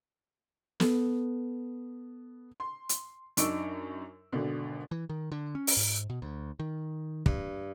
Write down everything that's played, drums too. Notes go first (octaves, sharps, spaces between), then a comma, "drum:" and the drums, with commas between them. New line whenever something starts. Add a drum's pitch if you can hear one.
B3 A4, drum: snare
C6
drum: hi-hat
F#2 D4 D#4 C#6 E6 D7, drum: hi-hat
G#1 B2 D3
E3
D#3
D3
C#4
drum: open hi-hat
G#2
B2
D2
D#3
G2, drum: kick